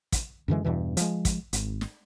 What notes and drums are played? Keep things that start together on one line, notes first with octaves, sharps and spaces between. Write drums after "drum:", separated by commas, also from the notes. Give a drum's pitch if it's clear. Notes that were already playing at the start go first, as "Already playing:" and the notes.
drum: kick, hi-hat
F#2 D3 E3 G#3
E2 G2 B2 E3
F3 G#3, drum: hi-hat
drum: kick, hi-hat
G#1, drum: hi-hat
drum: snare